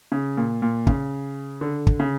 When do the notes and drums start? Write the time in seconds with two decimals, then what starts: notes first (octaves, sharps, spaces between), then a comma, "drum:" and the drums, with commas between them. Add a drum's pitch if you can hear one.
0.12 C#3
0.37 A#2
0.62 A#2
0.87 C#3, drum: kick
1.61 D3
1.87 drum: kick
2.00 C#3